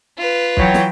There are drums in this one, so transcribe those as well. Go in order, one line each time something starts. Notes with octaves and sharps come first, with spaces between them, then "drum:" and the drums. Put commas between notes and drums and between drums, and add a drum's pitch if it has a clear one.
F4 B4
E3 F#3 F#4 C#5 G5, drum: kick
drum: snare